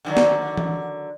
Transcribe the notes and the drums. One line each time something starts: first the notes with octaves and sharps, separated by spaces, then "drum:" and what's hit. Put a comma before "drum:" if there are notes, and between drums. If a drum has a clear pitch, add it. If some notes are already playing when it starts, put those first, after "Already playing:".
D3 D#3 F#3
drum: snare
drum: tom E3